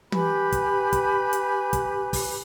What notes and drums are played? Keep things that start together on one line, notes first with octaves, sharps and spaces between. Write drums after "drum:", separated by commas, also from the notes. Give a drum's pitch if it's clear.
G4 B4 G#5 B5, drum: tom
drum: kick, hi-hat
drum: kick, hi-hat
drum: hi-hat
drum: kick, hi-hat
drum: kick, open hi-hat